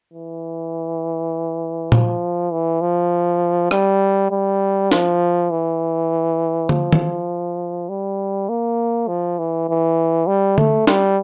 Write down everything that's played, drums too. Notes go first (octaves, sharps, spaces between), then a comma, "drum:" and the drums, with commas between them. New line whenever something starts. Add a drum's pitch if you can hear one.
E3
F3, drum: tom A#2
E3
F3
G3, drum: rim click
G3
F3, drum: snare
E3
F3, drum: tom D3
drum: tom D#3
G3
A#3
F3
E3
E3
G3
A3, drum: tom D3
G3, drum: snare